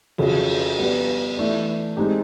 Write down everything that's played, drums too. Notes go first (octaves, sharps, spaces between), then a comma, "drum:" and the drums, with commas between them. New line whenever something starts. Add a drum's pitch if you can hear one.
F2 C#3 F#3, drum: cymbal
G3 B3 D4
E3 A3 D4
G#3 C4 D#4 G4